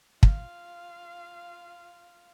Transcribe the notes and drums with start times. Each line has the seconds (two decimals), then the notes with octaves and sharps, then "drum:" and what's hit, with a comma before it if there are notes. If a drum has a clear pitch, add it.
0.23 F4 F5, drum: kick